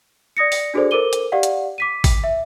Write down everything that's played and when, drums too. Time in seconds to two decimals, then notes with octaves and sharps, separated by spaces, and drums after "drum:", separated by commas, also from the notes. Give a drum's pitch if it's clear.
0.37 D5 D#6 A#6 C#7
0.52 drum: open hi-hat
0.74 D4 F#4 G#4 A4 C5 D5
0.91 A4 A#4 C5 D6 D#7 G7
1.13 drum: hi-hat
1.32 G4 D5 F5 F#5
1.43 drum: hi-hat
1.78 D6 B6 D#7
2.04 drum: kick G#1, open hi-hat
2.24 E5